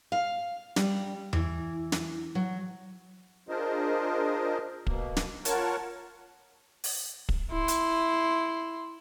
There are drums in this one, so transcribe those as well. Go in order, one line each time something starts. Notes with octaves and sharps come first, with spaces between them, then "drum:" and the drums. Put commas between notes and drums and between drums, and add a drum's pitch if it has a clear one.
F5
G3, drum: snare
E3, drum: tom E2
drum: snare
F#3
D4 F4 G#4 A#4 C5 D#5
B2 A#3, drum: kick
drum: snare
F4 A#4 C#5 F#5 A5 C#6, drum: hi-hat
drum: open hi-hat
drum: kick
E4 C6
drum: hi-hat